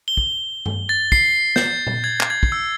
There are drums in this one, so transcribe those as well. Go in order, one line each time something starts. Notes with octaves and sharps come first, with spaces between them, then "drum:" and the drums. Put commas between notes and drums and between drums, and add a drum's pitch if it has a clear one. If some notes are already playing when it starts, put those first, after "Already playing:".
G7
drum: kick
drum: tom G2
A6
C7, drum: kick
G6, drum: snare
drum: tom A#2
G#6
drum: clap
G#6
drum: kick
E6